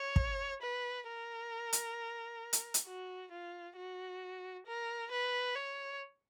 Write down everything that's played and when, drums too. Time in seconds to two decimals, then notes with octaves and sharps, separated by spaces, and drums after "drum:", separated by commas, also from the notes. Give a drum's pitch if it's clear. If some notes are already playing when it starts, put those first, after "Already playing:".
Already playing: C#5
0.16 drum: kick
0.62 B4
1.08 A#4
1.73 drum: hi-hat
2.53 drum: hi-hat
2.74 drum: hi-hat
2.86 F#4
3.31 F4
3.76 F#4
4.66 A#4
5.12 B4
5.55 C#5